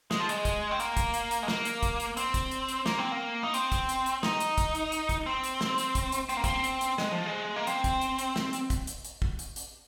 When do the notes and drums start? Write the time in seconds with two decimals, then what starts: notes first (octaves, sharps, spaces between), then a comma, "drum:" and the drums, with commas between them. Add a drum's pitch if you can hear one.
0.11 G#3, drum: snare
0.20 F3
0.29 G#3, drum: hi-hat
0.45 drum: kick, hi-hat
0.71 C4
0.80 A#3, drum: hi-hat
0.97 drum: kick, hi-hat
1.14 drum: hi-hat
1.31 drum: hi-hat
1.43 G#3
1.48 A#3, drum: snare
1.65 drum: hi-hat
1.83 drum: kick, hi-hat
2.00 drum: hi-hat
2.17 C4, drum: hi-hat
2.34 drum: kick, hi-hat
2.51 drum: hi-hat
2.69 drum: hi-hat
2.86 A#3, drum: snare
2.99 C4
3.12 A#3
3.43 D#4
3.54 C4, drum: hi-hat
3.72 drum: kick, hi-hat
3.89 drum: hi-hat
4.06 drum: hi-hat
4.23 D#4, drum: snare
4.40 drum: hi-hat
4.58 drum: kick, hi-hat
4.75 drum: hi-hat
4.92 drum: hi-hat
5.09 drum: kick, hi-hat
5.26 C4
5.44 drum: hi-hat
5.61 drum: snare
5.78 drum: hi-hat
5.95 drum: kick, hi-hat
6.12 drum: hi-hat
6.29 C4, drum: hi-hat
6.37 A#3
6.44 C4, drum: kick, hi-hat
6.64 drum: hi-hat
6.81 drum: hi-hat
6.98 G#3, drum: snare
7.12 F3
7.26 G#3
7.56 A#3
7.67 C4, drum: hi-hat
7.84 drum: kick, hi-hat
8.01 drum: hi-hat
8.19 drum: hi-hat
8.36 drum: snare
8.53 drum: hi-hat
8.70 drum: kick, hi-hat
8.87 drum: hi-hat
9.05 drum: hi-hat
9.22 drum: kick
9.39 drum: hi-hat
9.56 drum: hi-hat